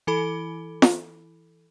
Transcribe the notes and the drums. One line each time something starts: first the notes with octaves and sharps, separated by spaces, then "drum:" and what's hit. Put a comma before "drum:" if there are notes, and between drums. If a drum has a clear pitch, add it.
E3 E4 A4 B5
drum: snare